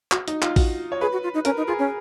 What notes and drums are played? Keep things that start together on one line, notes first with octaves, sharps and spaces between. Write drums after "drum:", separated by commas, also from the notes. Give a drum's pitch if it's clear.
F#4, drum: clap
D#4, drum: hi-hat
F4, drum: clap
F#4, drum: kick A1, open hi-hat
C#5
G#4 B4
F#4
F4
D#4
C#4 A#4, drum: hi-hat
D#4
F4 G#4
C#4